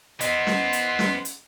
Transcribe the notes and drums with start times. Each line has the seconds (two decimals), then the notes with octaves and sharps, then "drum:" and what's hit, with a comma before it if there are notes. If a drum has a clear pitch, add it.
0.21 E3 B3 C5 D#5, drum: hi-hat
0.47 drum: snare
0.73 drum: hi-hat
0.99 drum: snare
1.25 drum: hi-hat